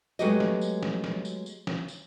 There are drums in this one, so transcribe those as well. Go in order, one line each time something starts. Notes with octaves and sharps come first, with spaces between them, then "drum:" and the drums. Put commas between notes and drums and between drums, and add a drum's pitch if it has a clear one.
F#3 G#3 A3 B3 G4 D#5, drum: tambourine
drum: snare
drum: tambourine
drum: snare
drum: snare
drum: tambourine
drum: tambourine
drum: snare
drum: tambourine